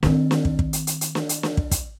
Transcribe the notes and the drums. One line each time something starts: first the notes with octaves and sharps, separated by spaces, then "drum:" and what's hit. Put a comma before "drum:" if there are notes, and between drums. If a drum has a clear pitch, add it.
D#3 C4, drum: snare
drum: snare
drum: kick
drum: kick
drum: hi-hat
drum: hi-hat
drum: hi-hat
drum: snare
drum: hi-hat
drum: snare
drum: kick
drum: kick, hi-hat